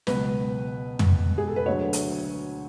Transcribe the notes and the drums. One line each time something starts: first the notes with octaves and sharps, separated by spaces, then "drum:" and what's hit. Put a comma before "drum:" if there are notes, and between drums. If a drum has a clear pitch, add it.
C#2 B2 F#3 B4, drum: snare
drum: tom
G#4
A4
B4
D2 D3 F#3 C#5
drum: hi-hat